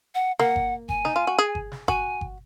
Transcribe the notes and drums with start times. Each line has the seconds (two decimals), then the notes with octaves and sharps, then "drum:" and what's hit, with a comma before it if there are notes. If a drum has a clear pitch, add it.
0.15 F#5
0.39 A#3 F#5, drum: snare
0.56 drum: kick G1
0.89 G#5, drum: kick G1
1.05 D#4, drum: snare
1.16 F4
1.27 F#4
1.39 G#4
1.55 drum: kick G1
1.72 drum: snare
1.88 F#4 G#5, drum: kick G1
2.21 drum: kick G1